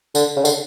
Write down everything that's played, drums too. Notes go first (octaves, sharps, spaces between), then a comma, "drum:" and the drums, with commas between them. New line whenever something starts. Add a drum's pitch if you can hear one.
D3, drum: tambourine
C#3
D3, drum: tambourine